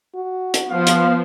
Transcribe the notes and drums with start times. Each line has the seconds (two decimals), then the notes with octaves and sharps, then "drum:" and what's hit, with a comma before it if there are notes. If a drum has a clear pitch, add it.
0.15 F#4
0.54 drum: hi-hat
0.70 F3 B3 F5
0.87 drum: hi-hat